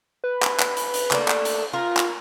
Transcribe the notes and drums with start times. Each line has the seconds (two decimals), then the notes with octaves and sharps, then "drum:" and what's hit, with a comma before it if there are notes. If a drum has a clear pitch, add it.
0.24 B4
0.43 drum: clap
0.60 drum: clap
0.77 drum: hi-hat
0.94 drum: hi-hat
1.11 A3 A#3 D4, drum: clap
1.28 drum: clap
1.45 drum: hi-hat
1.73 F4 A#4
1.97 drum: clap